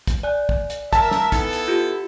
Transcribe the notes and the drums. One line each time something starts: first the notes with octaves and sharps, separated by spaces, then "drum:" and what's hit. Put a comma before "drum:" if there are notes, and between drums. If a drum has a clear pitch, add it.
drum: kick, hi-hat
D5 G#5 F#6
drum: kick
drum: hi-hat
A#4 E5 A5, drum: kick, hi-hat
drum: snare
B3 D#4 E4 A4, drum: kick, hi-hat
drum: hi-hat
F4 G4